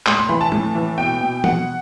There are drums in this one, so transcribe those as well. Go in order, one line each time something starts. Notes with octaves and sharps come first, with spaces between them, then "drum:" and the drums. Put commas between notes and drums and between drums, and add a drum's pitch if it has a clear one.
A2 C6, drum: clap
C6
E3 B5
A5
A2, drum: tom
E3
B2 G5
B2
B2 F#5, drum: tom